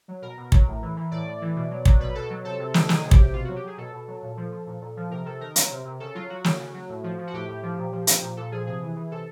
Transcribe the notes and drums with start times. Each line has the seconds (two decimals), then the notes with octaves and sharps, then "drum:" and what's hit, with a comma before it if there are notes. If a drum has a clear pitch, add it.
0.08 F#3
0.22 B2 A#4
0.37 B2
0.52 F#3, drum: kick
0.67 A2
0.82 E3
0.96 E3
1.11 A2 D5
1.26 A2
1.41 E3
1.56 B2
1.70 F#3
1.85 F#3, drum: kick
2.00 B2 B4
2.15 B2 A4
2.30 F#3
2.45 C3 A4
2.59 C3
2.74 D#3, drum: snare
2.89 F#3 G#4, drum: snare
3.04 C3
3.11 G4, drum: kick
3.19 C3
3.33 B2 F4
3.44 F#3 F#4
3.56 G4
3.63 F#3 G#4
3.78 B2 A4
3.93 B2
4.08 F#3
4.22 A#2
4.37 F3
4.52 F3
4.67 A#2
4.82 A#2
4.97 F3
5.11 C3 A#4
5.26 C3 A4
5.41 D#3 A#4
5.56 F#3, drum: hi-hat
5.71 C3
5.85 C3
6.00 C#3 A4
6.15 F#3 F4
6.30 F#3 F#4
6.44 C#3, drum: snare
6.59 C#3
6.74 F#3
6.89 A2
7.04 F3
7.19 F3
7.27 F#4
7.33 A2 G4
7.48 A2
7.63 F3
7.78 A#2
7.92 F3
8.07 F3, drum: hi-hat
8.22 A#2
8.37 A#2 A4
8.52 F3 G#4
8.67 C3 G#4
8.81 E3
8.96 E3
9.11 C3 A4